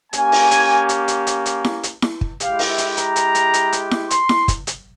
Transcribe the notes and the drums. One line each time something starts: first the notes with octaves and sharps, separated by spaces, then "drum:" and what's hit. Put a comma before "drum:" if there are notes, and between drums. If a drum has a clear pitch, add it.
A#3 C#4 G4 G#5, drum: hi-hat
drum: open hi-hat
drum: hi-hat
drum: hi-hat
drum: hi-hat
drum: hi-hat
drum: hi-hat
drum: snare E4
drum: hi-hat
drum: snare E4
drum: kick
G#3 E4 G4 F5, drum: hi-hat
drum: open hi-hat
E5
drum: hi-hat
A#5, drum: hi-hat
drum: hi-hat
drum: hi-hat
drum: hi-hat
drum: hi-hat
drum: snare E4
C6, drum: hi-hat
drum: snare E4
drum: kick, hi-hat
drum: hi-hat